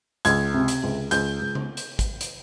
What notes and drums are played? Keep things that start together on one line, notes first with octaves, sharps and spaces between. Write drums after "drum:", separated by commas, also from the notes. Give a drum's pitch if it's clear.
C#2 G#6, drum: hi-hat
C3
drum: hi-hat
C#2
C#2 G6, drum: hi-hat
C#2
drum: tom C#3
drum: hi-hat
drum: kick, hi-hat
drum: hi-hat